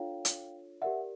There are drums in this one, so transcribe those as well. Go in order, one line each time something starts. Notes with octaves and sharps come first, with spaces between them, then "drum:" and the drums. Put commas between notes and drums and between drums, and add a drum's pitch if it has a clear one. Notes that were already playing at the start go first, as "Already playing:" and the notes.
Already playing: D4 F4 A4 C#5 F5 G5
drum: hi-hat
G4 A#4 D5 E5 F#5